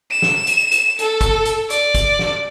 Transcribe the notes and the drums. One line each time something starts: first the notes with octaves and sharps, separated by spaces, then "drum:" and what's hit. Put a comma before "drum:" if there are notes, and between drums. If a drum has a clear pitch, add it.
E7
drum: snare
drum: hi-hat
drum: hi-hat
A4, drum: hi-hat
drum: kick, hi-hat
drum: hi-hat
D5, drum: hi-hat
drum: kick, hi-hat
drum: snare